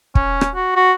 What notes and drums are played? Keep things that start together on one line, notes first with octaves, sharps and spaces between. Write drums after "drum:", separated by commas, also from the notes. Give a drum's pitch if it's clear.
C#4, drum: kick
drum: rim click
F#4
F#4